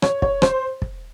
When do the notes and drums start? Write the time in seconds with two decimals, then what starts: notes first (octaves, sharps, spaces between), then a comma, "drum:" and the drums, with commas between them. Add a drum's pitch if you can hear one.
0.02 C#5, drum: rim click
0.22 C#5, drum: kick
0.42 C5, drum: rim click
0.82 drum: kick